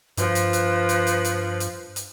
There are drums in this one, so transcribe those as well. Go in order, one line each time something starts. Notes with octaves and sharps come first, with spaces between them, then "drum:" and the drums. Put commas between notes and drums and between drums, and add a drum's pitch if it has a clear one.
G2 F3 B4, drum: hi-hat
drum: hi-hat
drum: hi-hat
drum: hi-hat
drum: hi-hat
drum: hi-hat
drum: hi-hat
drum: hi-hat